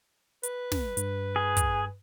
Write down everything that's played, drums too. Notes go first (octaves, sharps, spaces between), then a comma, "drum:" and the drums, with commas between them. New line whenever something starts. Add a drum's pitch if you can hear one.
B4, drum: hi-hat
drum: snare
G2, drum: hi-hat
G#4
drum: kick, hi-hat